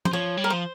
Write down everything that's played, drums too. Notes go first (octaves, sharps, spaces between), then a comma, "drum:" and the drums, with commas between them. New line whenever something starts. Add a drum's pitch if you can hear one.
C5, drum: tom F3
F3 C#5
G3
A#4
F3 C5